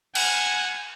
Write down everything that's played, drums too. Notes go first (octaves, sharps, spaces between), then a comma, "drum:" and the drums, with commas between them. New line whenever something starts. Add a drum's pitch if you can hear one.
F#5 G#5, drum: cymbal